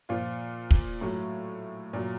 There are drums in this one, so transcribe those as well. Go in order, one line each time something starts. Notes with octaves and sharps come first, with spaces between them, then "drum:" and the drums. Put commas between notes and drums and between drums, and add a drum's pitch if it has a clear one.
A#2 F3 F4
drum: kick
A2 F#3
A#2 F#3